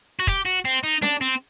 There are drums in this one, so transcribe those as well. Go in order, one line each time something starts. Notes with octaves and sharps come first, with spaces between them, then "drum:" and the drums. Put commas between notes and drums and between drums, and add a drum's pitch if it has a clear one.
F#4
G4, drum: kick, hi-hat
F#4
C4
D#4
D4, drum: snare C#4
C4